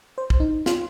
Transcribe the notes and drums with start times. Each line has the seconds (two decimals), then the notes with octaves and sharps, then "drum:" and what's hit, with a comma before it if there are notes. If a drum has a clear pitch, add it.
0.18 C5
0.30 drum: kick
0.40 D#4
0.66 F4, drum: snare